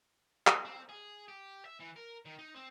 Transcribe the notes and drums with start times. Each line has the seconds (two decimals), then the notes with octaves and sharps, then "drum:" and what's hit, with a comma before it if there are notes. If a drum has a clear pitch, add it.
0.47 drum: clap
0.65 C4
0.89 G#4
1.28 G4
1.65 E5
1.80 E3
1.96 A#4
2.25 D#3
2.39 D#4
2.56 C4